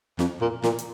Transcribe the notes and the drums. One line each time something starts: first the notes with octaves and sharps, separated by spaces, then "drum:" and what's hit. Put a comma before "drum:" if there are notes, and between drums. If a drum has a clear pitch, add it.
F2, drum: snare
A#2
A#2, drum: snare
drum: hi-hat